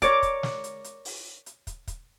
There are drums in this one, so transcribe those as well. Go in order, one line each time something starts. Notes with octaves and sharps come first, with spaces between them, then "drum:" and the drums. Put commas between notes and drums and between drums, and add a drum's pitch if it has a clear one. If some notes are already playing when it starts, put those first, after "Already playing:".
A#4 C#5 D5 D6, drum: kick, hi-hat
drum: kick, hi-hat
drum: snare
drum: hi-hat
drum: hi-hat
drum: open hi-hat
drum: hi-hat
drum: kick, hi-hat
drum: kick, hi-hat